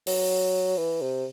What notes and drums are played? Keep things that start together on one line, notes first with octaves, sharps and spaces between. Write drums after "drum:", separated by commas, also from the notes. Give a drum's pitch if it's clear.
F#3, drum: open hi-hat
E3
C3